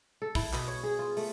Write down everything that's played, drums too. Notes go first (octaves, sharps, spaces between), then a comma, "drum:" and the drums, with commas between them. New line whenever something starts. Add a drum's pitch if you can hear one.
A4
E4, drum: kick, open hi-hat
B2, drum: clap
C#5
G#4
F4
A3, drum: open hi-hat